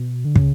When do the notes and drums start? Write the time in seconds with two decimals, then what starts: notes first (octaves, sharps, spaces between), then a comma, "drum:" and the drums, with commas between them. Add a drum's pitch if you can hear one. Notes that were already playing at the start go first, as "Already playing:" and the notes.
Already playing: B2
0.25 D3
0.36 C#3, drum: kick